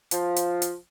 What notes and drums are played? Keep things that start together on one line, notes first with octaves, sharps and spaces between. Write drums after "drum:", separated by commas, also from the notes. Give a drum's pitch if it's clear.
F3, drum: hi-hat
drum: hi-hat
drum: hi-hat